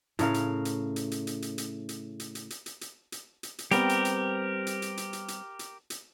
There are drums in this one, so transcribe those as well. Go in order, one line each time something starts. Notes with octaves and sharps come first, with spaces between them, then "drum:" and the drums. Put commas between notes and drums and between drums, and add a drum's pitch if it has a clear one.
A2 C#3 A#4 F5, drum: hi-hat
drum: hi-hat
drum: hi-hat
drum: hi-hat
drum: hi-hat
drum: hi-hat
drum: hi-hat
drum: hi-hat
drum: hi-hat
drum: hi-hat
drum: hi-hat
drum: hi-hat
drum: hi-hat
drum: hi-hat
drum: hi-hat
drum: hi-hat
drum: hi-hat
G3 B3 C4 G4 A#4, drum: hi-hat
drum: hi-hat
drum: hi-hat
drum: hi-hat
drum: hi-hat
drum: hi-hat
drum: hi-hat
drum: hi-hat
drum: hi-hat
drum: hi-hat